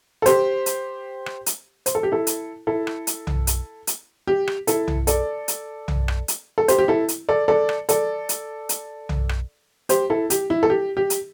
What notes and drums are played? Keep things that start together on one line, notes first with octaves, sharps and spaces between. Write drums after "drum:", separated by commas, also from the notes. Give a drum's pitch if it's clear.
A4
G4 C5, drum: hi-hat
drum: hi-hat
drum: rim click
drum: hi-hat
C5, drum: hi-hat
A4
G4
E4 A4
drum: hi-hat
E4 A4
drum: rim click
drum: hi-hat
drum: tom
drum: hi-hat
drum: hi-hat
G4
drum: rim click
E4 A4, drum: hi-hat
drum: tom
A4 D5, drum: hi-hat
drum: hi-hat
drum: tom
drum: rim click
drum: hi-hat
A4
G4 C5, drum: hi-hat
G4
E4 A4
drum: hi-hat
A4 D5
A4 D5
drum: rim click
A4 D5, drum: hi-hat
drum: hi-hat
drum: hi-hat
drum: tom
drum: rim click
G4 C5, drum: hi-hat
E4 A4
G4, drum: hi-hat
E4
A4
G4
G4
drum: hi-hat